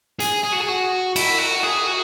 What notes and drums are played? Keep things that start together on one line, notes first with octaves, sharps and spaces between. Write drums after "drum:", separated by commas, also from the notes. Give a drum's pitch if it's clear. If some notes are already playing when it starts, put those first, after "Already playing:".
G#4, drum: hi-hat
G#4
F#4
G#4
F#4
E4, drum: cymbal
F#4
G#4
F#4